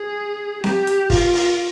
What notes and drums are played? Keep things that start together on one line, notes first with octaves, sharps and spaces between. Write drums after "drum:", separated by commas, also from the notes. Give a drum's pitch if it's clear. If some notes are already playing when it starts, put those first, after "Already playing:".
Already playing: G#4
G4, drum: snare C4
drum: hi-hat
F4, drum: kick, open hi-hat
drum: open hi-hat